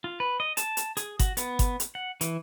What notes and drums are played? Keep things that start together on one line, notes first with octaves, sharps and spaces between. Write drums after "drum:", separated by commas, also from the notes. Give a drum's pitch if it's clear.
F4
B4
D#5
A5, drum: hi-hat
drum: hi-hat
G#4, drum: hi-hat
F#4, drum: kick G1, hi-hat
B3, drum: hi-hat
drum: kick G1, hi-hat
drum: hi-hat
F#5
E3, drum: hi-hat